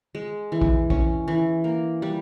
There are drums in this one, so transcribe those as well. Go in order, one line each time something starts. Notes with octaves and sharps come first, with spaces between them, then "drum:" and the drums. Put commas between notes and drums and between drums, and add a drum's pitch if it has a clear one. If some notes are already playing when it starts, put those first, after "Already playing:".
G#3
E3
drum: kick
C#4, drum: kick
E3
A#3
G3